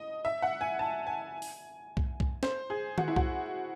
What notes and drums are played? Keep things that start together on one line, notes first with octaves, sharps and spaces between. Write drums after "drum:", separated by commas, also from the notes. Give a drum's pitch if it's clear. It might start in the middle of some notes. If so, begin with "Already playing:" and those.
Already playing: D#5
E5
F#5
G#5
A5
G#5
drum: open hi-hat
drum: kick B1
drum: kick B1
C5, drum: snare
G#4
F#4, drum: tom D#3
E4
F#4, drum: kick B1